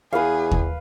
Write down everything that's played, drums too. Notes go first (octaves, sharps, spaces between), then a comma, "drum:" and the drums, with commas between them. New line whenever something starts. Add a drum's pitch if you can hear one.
E2 G#4 B4 F5
drum: kick D#2